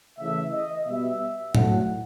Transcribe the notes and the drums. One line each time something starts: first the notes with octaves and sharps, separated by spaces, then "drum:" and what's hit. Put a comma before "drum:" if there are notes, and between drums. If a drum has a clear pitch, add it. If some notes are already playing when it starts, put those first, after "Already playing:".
C#3 E3 A3 E5
D#5
B2 G3 B3 E5
A2 F#3 A3 F#5, drum: tom